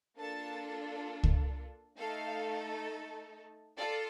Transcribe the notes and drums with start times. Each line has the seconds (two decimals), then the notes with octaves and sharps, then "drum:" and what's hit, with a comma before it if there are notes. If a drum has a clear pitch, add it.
0.17 A#3 D4 F4 A4 A5
1.23 drum: kick C#2
1.98 A3 D#4 A4 F5
3.77 F4 A4 D5